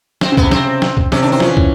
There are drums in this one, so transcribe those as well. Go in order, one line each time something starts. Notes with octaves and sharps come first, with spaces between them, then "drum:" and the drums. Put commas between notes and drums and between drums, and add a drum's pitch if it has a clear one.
C4, drum: snare
C#3
C3 B3, drum: kick
C3 C4, drum: snare
drum: snare
drum: kick
C3 C#4, drum: snare
D#3 D4
E3 C4
F3 C#4, drum: snare
E3
drum: kick